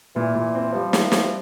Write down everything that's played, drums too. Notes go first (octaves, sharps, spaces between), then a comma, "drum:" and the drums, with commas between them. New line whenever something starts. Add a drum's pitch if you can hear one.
A#2 E3
A#2
C4
F3 G3
C4, drum: snare
G3, drum: snare